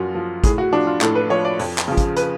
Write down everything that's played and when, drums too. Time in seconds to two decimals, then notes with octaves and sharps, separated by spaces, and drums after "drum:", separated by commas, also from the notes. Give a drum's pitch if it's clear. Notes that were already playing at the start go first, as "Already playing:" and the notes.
Already playing: F#2 F3 F4 F#4
0.15 F3
0.44 A2 G#4, drum: kick, hi-hat
0.58 F#4
0.72 F3 D4
0.87 F4
1.01 A2 A4, drum: clap
1.15 B4
1.30 F3 C#5
1.45 D5
1.59 F2, drum: open hi-hat
1.78 drum: clap
1.88 C#3 F3
1.97 drum: kick, hi-hat
2.17 B4, drum: hi-hat